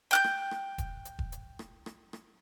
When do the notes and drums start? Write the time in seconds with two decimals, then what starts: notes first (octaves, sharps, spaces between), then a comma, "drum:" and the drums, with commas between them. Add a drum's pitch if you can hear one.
0.11 G5 F#6 G6
0.24 drum: rim click
0.51 drum: rim click
0.78 drum: kick E1, hi-hat
1.05 drum: hi-hat
1.19 drum: kick E1
1.32 drum: hi-hat
1.59 drum: rim click
1.86 drum: rim click
2.13 drum: rim click